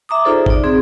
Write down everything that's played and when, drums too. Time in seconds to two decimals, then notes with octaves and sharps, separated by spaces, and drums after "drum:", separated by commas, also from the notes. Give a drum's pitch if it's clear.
0.09 E5 A#5 D6 D#6
0.24 D#4 F4 G#4 A4 C5 D5
0.46 D#4 D5, drum: kick G#1
0.64 C4 G#4